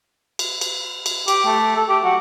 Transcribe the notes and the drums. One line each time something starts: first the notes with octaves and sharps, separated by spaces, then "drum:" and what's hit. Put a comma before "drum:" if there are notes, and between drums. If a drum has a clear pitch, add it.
drum: cymbal
drum: cymbal
drum: cymbal
G4, drum: cymbal
A3
A4
G4
F#4